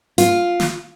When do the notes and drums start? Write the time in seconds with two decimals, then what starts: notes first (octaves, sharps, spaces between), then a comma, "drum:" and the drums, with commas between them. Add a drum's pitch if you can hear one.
0.18 F4, drum: hi-hat
0.60 drum: snare